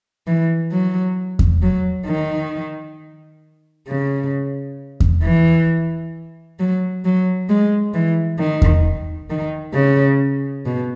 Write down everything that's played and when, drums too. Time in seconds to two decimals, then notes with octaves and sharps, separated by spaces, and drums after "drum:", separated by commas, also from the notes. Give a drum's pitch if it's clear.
0.26 E3
0.71 F#3
1.39 drum: kick E2
1.62 F#3
2.07 D#3
3.87 C#3
5.00 drum: kick E2
5.23 E3
6.58 F#3
7.04 F#3
7.48 G#3
7.93 E3
8.39 D#3
8.62 drum: kick E2
9.29 D#3
9.74 C#3
10.65 B2